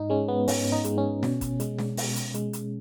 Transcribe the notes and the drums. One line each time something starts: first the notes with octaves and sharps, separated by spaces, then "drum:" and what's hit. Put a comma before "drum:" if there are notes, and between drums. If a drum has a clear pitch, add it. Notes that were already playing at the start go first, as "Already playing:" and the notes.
Already playing: G#2 D#4
G#3 C#4
B3
G#2 C#4, drum: open hi-hat
D#4
G#3, drum: hi-hat
C#4
B2, drum: snare
drum: kick, hi-hat
G#3, drum: hi-hat
drum: snare
B2, drum: open hi-hat
drum: hi-hat
G#3, drum: hi-hat
drum: hi-hat